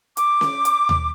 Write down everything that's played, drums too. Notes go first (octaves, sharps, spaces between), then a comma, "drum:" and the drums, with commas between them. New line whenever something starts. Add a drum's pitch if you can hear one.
D6, drum: hi-hat
drum: snare C#4
drum: hi-hat
drum: tom D#2